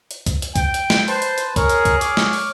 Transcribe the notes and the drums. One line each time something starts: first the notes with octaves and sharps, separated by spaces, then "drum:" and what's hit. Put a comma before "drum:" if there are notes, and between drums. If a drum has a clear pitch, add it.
drum: hi-hat
drum: kick, hi-hat
drum: hi-hat
G5, drum: kick, hi-hat
drum: hi-hat
drum: snare
B4 C5 A5, drum: open hi-hat
drum: hi-hat
drum: hi-hat
G#4 A#4 C#5, drum: kick, hi-hat
drum: hi-hat
drum: kick, hi-hat
C#5 D6 F6, drum: hi-hat
drum: snare
drum: open hi-hat